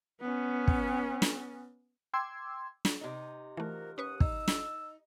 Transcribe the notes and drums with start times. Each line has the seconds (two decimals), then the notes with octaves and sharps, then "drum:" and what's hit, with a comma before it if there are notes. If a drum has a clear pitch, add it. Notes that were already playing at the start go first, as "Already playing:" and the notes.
0.21 B3 C#4
0.68 drum: kick
1.22 drum: snare
2.14 G5 C6 D6 E6 G#6
2.85 drum: snare
3.01 C3 D#4
3.57 E3 F3 A3 F#4 A#4
3.98 D#2 C#4 B4 F#5 C#6 D#6
4.20 D#4 E6, drum: kick
4.48 drum: snare